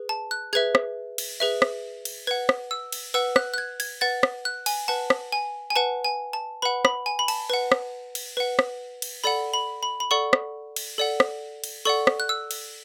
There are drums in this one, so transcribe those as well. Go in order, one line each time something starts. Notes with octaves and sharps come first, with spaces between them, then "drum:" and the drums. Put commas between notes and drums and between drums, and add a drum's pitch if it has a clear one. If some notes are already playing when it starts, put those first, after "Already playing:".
Already playing: G#4 B4
A5
F#6
G#4 B4 E5 G#6
drum: rim click
drum: cymbal
G#4 B4 E5
drum: rim click
drum: cymbal
B4 F#5 G#6
drum: rim click
E6
drum: cymbal
B4 F#5 E6
F#6, drum: rim click
F#6
G#6
G#6, drum: cymbal
B4 F#5 A6
drum: rim click
F#6
G#5, drum: cymbal
B4 F#5 A5
drum: rim click
G#5
G#5
B4 F#5 A5
G#5
A5
B4 F#5 B5
B5, drum: rim click
G#5
B5
A5, drum: cymbal
B4 F#5
drum: rim click
drum: cymbal
B4 F#5
drum: rim click
drum: cymbal
A4 D5 F#5 B5
B5
B5
B5
A4 D5 F#5 C#6
drum: rim click
drum: cymbal
A4 D5 F#5
drum: rim click
drum: cymbal
A4 D5 F#5 C#6
drum: rim click
F#6
E6
drum: cymbal